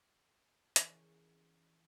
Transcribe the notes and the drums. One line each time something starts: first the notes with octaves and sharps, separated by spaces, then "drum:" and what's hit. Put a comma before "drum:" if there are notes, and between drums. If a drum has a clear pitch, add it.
E3 C#4 G#4 A#4, drum: hi-hat